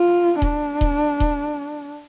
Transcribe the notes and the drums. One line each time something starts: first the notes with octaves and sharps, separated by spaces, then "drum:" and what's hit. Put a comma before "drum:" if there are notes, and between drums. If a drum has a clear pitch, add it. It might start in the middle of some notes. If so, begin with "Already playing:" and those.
Already playing: F4
D4, drum: kick D#1
drum: kick D#1
drum: kick D#1